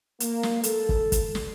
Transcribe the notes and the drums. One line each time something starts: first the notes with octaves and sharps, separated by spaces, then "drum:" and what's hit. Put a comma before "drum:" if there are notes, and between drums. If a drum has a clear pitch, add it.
A#3, drum: hi-hat
drum: snare
A4, drum: hi-hat
drum: kick
drum: kick, hi-hat
drum: snare